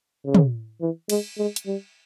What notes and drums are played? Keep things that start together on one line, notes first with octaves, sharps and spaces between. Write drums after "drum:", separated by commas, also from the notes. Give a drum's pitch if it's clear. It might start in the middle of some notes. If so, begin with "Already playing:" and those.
C#3
drum: tom
E3
G#3, drum: cymbal
G#3
drum: hi-hat
G3